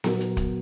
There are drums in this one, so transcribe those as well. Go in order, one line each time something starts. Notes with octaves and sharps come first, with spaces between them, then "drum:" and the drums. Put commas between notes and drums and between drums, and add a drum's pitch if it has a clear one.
A#2 F#3 B3 F#4 A#4, drum: snare B3
drum: hi-hat
drum: kick, hi-hat